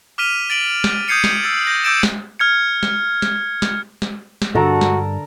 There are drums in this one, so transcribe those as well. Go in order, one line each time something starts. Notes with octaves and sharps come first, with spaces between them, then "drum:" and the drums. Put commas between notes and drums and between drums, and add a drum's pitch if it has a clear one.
D6 F6 B6 D#7 F7
A6 D7 F#7
drum: snare
D#6 G6 G#6 C7 C#7 D#7
drum: snare
E6 A6
G6 A#6
D6 E6 G6 A6 D7 E7
drum: snare
F6 G#6 C#7
drum: snare
drum: snare
drum: snare
drum: snare
drum: snare
G2 D3 F#4 A4 A#4 A5 A#5
drum: snare